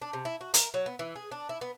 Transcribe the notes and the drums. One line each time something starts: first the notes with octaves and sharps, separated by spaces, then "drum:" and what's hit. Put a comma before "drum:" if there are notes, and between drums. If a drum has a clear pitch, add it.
D4
C3
E4
F#4
A#4, drum: hi-hat
F#3
B3
E3
G#4
D4
E4
B3